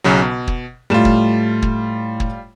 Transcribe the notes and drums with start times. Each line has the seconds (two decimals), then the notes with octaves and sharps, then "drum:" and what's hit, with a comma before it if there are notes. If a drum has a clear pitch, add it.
0.04 B1 C#3 F#3
0.22 B2
0.47 drum: kick
0.90 A2 G3 A3 F4 E7
1.05 drum: kick
1.62 drum: kick
2.20 drum: kick